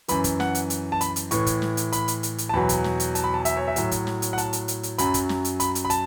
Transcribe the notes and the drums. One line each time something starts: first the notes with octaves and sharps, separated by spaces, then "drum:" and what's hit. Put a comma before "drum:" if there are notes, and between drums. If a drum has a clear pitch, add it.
F#2 E3 B5, drum: hi-hat
drum: kick, hi-hat
F#5, drum: snare
drum: hi-hat
drum: hi-hat
A5
B5, drum: hi-hat
drum: hi-hat
A2 E3 C#6, drum: hi-hat
drum: kick, hi-hat
drum: snare
drum: hi-hat
B5, drum: hi-hat
drum: hi-hat
drum: hi-hat
drum: hi-hat
A5
E2 B2 F#3 B5
drum: kick, hi-hat
drum: snare
drum: hi-hat
A5, drum: hi-hat
B5
A5
E5, drum: hi-hat
C#5
E5
A2 F#3, drum: hi-hat
drum: kick, hi-hat
drum: snare
drum: hi-hat
F#5
A5, drum: hi-hat
drum: hi-hat
drum: hi-hat
drum: hi-hat
F#2 F#3 B5, drum: hi-hat
drum: kick, hi-hat
drum: snare
drum: hi-hat
B5, drum: hi-hat
drum: hi-hat
B5
A5, drum: hi-hat